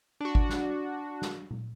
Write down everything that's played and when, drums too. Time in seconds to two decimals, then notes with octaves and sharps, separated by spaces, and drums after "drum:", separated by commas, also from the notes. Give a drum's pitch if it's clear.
0.21 D4 F#4
0.35 drum: kick G#1
0.49 drum: snare
1.22 drum: snare
1.51 drum: tom A#2